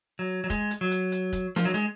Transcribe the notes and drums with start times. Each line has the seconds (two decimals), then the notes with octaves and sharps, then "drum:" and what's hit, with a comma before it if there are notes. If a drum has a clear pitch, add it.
0.19 F#3
0.44 F#3
0.50 G#3, drum: kick, hi-hat
0.71 drum: hi-hat
0.81 F#3
0.91 drum: hi-hat
1.12 drum: hi-hat
1.33 drum: kick, hi-hat
1.56 F3, drum: snare
1.65 F#3
1.74 G#3, drum: hi-hat